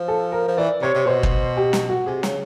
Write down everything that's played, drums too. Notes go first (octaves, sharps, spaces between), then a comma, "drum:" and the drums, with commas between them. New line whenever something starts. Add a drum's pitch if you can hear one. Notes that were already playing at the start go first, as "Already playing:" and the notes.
Already playing: F3
A4
A#4
F3
E3 D5
C3 C#5
C3
B2 C5
drum: kick
G4
drum: snare
F#4
C3 G#4
C#3, drum: snare